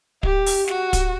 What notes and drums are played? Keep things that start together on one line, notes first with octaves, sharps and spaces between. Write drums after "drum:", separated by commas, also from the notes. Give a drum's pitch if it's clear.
G4, drum: kick
drum: open hi-hat
F#4, drum: snare
drum: kick, hi-hat